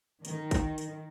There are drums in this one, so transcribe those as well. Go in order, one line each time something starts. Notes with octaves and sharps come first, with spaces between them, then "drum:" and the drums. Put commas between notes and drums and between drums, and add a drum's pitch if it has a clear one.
D#3, drum: hi-hat
drum: kick, hi-hat
drum: hi-hat